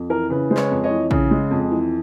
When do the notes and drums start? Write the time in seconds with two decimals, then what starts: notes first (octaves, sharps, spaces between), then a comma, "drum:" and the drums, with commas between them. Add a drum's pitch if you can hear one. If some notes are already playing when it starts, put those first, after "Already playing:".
Already playing: F2
0.09 E3 A#4
0.30 C#3 B4
0.51 G#3 C5
0.57 B4 C#5, drum: clap
0.71 F2
0.84 C#5 D#5
0.91 E3
1.11 C#3, drum: kick A#1
1.31 G#3
1.51 F2
1.71 E3